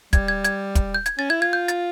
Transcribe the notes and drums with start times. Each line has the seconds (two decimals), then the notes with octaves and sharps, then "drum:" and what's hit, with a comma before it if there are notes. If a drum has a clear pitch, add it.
0.13 G3 G#6, drum: kick, hi-hat
0.28 G#6
0.44 G#6, drum: hi-hat
0.75 drum: kick, hi-hat
0.94 G6
1.06 G#6, drum: hi-hat
1.18 C#4 A6
1.30 E4 G#6
1.41 F4 G#6
1.53 G6
1.68 A6, drum: hi-hat